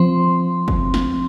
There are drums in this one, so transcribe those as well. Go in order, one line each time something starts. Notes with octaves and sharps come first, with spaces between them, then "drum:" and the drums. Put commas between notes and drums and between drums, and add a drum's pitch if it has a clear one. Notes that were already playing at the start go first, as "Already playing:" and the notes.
Already playing: F3 C4 C6
drum: kick
drum: snare